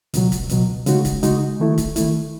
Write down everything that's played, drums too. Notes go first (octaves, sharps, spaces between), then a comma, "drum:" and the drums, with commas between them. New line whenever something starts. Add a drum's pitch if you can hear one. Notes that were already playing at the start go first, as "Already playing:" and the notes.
C#2 B2 F#3, drum: hi-hat
drum: kick, hi-hat
C#2 B2 F#3, drum: hi-hat
C#3 G#3 D#4 F#4, drum: hi-hat
drum: kick, hi-hat
C#3 G#3 D#4 F#4, drum: hi-hat
D#3 A3 E4
drum: kick, hi-hat
D#3 A3 E4, drum: hi-hat